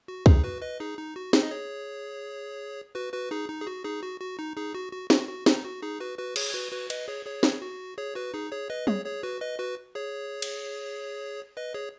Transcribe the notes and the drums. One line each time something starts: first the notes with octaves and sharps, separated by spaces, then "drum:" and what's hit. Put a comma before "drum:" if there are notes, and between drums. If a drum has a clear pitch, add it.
F#4
D#4 G#4, drum: kick
F#4 B4
B4 D#5
D#4 G#4
D#4
F#4
D#4 G#4, drum: snare
D#5
G#4 C#5
F#4 B4
F#4 B4
D#4 G#4
D#4
G#4
F#4
D#4 G#4
F#4
F#4
D#4
D#4 G#4
F#4
F#4
F#4, drum: snare
F#4
D#4, drum: snare
F#4
D#4 G#4
F#4 B4
F#4 B4
G#4 C#5, drum: cymbal
F#4 B4
F#4 B4
B4 D#5, drum: cymbal
G#4 C#5
G#4 C#5
drum: snare
F#4
G#4 C#5
F#4 B4
D#4 G#4
G#4 C#5
B4 D#5
G#4 C#5, drum: tom
G#4 C#5
F#4 B4
B4 D#5
F#4 B4
G#4 C#5
drum: cymbal
B4 D#5
G#4 C#5